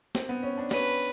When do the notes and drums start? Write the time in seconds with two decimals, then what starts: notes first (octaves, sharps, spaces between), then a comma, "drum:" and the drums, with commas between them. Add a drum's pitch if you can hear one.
0.15 C4, drum: snare
0.29 B3
0.43 C#4
0.58 D4
0.71 C#4 B4, drum: snare